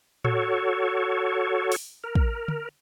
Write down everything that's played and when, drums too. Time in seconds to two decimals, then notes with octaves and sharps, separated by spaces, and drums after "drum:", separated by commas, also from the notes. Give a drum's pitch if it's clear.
0.25 F#4 A4 C#5, drum: tom A2
1.72 drum: open hi-hat
2.04 A#4
2.15 drum: kick
2.48 drum: tom